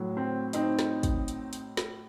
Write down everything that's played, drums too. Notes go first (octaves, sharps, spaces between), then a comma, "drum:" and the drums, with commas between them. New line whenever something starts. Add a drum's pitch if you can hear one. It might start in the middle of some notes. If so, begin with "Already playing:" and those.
Already playing: A2 F#3
C4
C4 D#4, drum: hi-hat
drum: snare
drum: kick, hi-hat
drum: hi-hat
drum: hi-hat
drum: snare